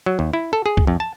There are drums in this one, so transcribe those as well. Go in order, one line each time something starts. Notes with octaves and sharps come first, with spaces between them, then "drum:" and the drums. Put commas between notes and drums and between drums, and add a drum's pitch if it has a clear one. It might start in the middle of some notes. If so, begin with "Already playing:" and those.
F#3
D#2
E4
A4
G#4
drum: kick
F2
A5